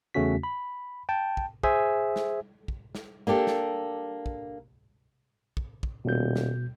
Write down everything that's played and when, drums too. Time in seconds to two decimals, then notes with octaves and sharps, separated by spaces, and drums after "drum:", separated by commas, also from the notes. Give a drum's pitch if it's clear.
0.14 E2 C#3 A3 C#4 F#4 B6
0.43 B5
1.09 G5 A5
1.37 drum: kick
1.63 G#4 C5 E5 G#5, drum: kick
2.16 drum: snare
2.68 drum: kick
2.95 drum: snare
3.27 A#3 D4 G4 A4
3.47 drum: snare
4.26 drum: kick
5.57 drum: kick
5.83 drum: kick
6.05 D#1 B2 G6
6.36 drum: snare